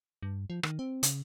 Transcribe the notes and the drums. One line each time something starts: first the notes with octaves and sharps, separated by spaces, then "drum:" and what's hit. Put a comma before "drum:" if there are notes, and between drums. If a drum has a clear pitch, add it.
G2
F3
D#3, drum: rim click
C4
C#3, drum: hi-hat